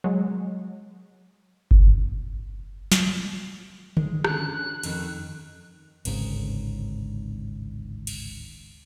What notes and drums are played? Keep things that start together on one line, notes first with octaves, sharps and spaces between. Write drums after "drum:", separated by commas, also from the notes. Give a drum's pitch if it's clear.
F#3 G#3
drum: kick F#1
drum: snare
G#3, drum: tom D3
D3 C#4 F#6, drum: rim click
F2 D#3, drum: cymbal
D1 G#1 G#2 C#3, drum: cymbal
drum: cymbal